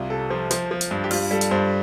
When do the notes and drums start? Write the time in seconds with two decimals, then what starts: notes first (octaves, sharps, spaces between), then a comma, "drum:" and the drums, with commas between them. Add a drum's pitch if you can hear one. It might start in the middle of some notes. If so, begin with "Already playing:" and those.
Already playing: C2 G3 F4
0.10 C3 A4
0.30 F3 C5
0.51 F3 C5, drum: hi-hat
0.71 F3
0.81 drum: hi-hat
0.91 G2
1.04 G4
1.11 G3 F4, drum: open hi-hat
1.31 G3 A4
1.41 drum: hi-hat
1.51 G2 C5